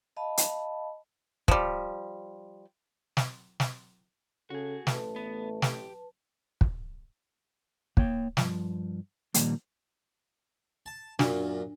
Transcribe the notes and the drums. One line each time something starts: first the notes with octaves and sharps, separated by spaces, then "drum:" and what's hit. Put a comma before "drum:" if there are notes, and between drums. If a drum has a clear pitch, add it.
D#5 F5 A5 B5
drum: hi-hat
F3 G3, drum: kick
drum: snare
drum: snare
C#3 F#4 G#4 A4
A1 A3 B4 A5, drum: snare
B3
G4, drum: snare
drum: kick
A#3 C#5 G5, drum: kick
G2 F3, drum: snare
A#2 D#3 F3 G3 A#3, drum: hi-hat
A5
F#2 A#2 D4, drum: snare